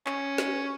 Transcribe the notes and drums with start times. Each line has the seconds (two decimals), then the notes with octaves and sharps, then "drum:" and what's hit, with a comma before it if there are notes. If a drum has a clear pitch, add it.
0.06 C#4, drum: clap
0.38 drum: snare